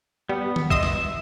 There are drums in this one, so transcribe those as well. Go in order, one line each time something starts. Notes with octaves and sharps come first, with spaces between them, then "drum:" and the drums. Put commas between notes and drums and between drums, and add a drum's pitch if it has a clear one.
G3 B3
drum: tom D#3
D#5 E5 C6 D#6, drum: kick
drum: snare